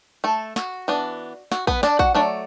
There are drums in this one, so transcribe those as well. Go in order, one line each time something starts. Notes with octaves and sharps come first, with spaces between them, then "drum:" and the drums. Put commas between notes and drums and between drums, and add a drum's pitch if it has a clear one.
A3 A4
F#4, drum: snare
E3 B3 D4
F#4, drum: snare
B3 B4, drum: kick
D4 D5, drum: snare
F#4 F#5, drum: kick
F#3 A3 D4 D5